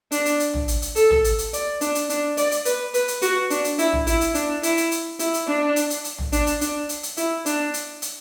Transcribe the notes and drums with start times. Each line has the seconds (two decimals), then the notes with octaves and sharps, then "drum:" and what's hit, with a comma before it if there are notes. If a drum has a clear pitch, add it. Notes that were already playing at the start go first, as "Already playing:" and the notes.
0.12 D4, drum: hi-hat
0.26 drum: hi-hat
0.40 drum: hi-hat
0.54 drum: tom A1
0.68 drum: hi-hat
0.82 drum: hi-hat
0.96 A4, drum: hi-hat
1.10 drum: tom A1
1.24 drum: hi-hat
1.39 drum: hi-hat
1.53 D5, drum: hi-hat
1.81 D4, drum: hi-hat
1.95 drum: hi-hat
2.09 D4, drum: hi-hat
2.37 D5, drum: hi-hat
2.51 drum: hi-hat
2.65 B4, drum: hi-hat
2.94 B4, drum: hi-hat
3.08 drum: hi-hat
3.22 F#4, drum: hi-hat
3.50 D4, drum: hi-hat
3.64 drum: hi-hat
3.78 E4, drum: hi-hat
3.93 drum: tom A1
4.07 E4, drum: hi-hat
4.21 drum: hi-hat
4.35 D4, drum: hi-hat
4.63 E4, drum: hi-hat
4.77 drum: hi-hat
4.91 drum: hi-hat
5.19 E4, drum: hi-hat
5.34 drum: hi-hat
5.47 D4
5.76 drum: hi-hat
5.90 drum: hi-hat
6.04 drum: hi-hat
6.18 drum: tom A1
6.32 D4, drum: hi-hat
6.47 drum: hi-hat
6.61 D4, drum: hi-hat
6.89 drum: hi-hat
7.03 drum: hi-hat
7.17 E4, drum: hi-hat
7.46 D4, drum: hi-hat
7.74 drum: hi-hat
8.02 drum: hi-hat